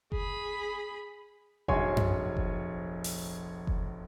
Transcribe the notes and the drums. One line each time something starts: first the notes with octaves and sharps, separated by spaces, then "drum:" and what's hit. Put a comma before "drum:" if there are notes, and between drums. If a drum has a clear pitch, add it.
G#4 B5, drum: kick F#1
F1 A#1 F#3 C#5 G#5 C6, drum: kick F#1
drum: tom F#2
drum: kick F#1
drum: open hi-hat
drum: kick F#1